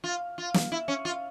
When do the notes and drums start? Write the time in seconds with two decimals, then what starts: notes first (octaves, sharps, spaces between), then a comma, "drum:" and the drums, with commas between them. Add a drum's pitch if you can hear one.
0.04 F4
0.38 F4
0.54 drum: snare
0.72 E4
0.88 C#4
1.05 F4